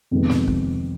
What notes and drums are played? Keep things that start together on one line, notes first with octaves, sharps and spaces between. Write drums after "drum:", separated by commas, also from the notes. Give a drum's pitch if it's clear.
F2 C3 D#3 G#3 B3
drum: snare
drum: kick